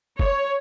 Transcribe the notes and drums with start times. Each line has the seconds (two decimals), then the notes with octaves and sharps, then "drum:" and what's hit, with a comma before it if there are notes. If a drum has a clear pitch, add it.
0.19 C#5, drum: kick